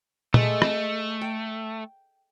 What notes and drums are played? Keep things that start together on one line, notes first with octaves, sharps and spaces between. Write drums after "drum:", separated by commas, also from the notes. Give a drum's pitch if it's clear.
G#3 A3 A4, drum: tom A#2
drum: rim click
G5